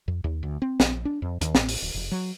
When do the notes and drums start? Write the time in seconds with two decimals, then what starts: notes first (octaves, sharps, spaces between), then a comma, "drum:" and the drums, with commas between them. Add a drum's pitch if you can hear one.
0.08 F2
0.24 D#2
0.43 D2
0.62 C4
0.80 A#1, drum: snare
1.05 D4
1.22 F2
1.41 D#2, drum: hi-hat
1.55 A1, drum: snare
1.68 drum: open hi-hat
1.82 D1
1.94 F1
2.12 F#3